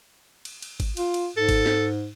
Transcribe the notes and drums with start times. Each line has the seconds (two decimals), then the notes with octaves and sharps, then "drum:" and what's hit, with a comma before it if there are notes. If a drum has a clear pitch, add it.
0.45 drum: cymbal
0.62 drum: cymbal
0.80 drum: kick, cymbal
0.97 F4, drum: cymbal
1.14 drum: cymbal
1.37 G#2 A4
1.49 drum: kick, cymbal
1.66 drum: snare